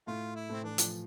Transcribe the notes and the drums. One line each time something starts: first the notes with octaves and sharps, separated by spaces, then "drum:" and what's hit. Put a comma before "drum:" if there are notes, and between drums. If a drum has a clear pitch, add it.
A2 A3 F4
E4
A2 A3 C4
E3 D4
F3, drum: hi-hat